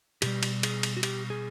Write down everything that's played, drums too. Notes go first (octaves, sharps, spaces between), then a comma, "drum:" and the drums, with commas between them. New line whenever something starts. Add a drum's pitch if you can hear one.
B2 G3 G4, drum: cymbal
drum: cymbal
G#4, drum: cymbal
drum: cymbal
F#4
G4, drum: cymbal
G#4